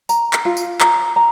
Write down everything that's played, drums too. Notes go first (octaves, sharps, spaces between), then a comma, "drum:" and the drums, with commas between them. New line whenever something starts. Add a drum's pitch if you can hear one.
A#5, drum: tambourine
drum: clap
F4
drum: tambourine
A#5, drum: clap
A#5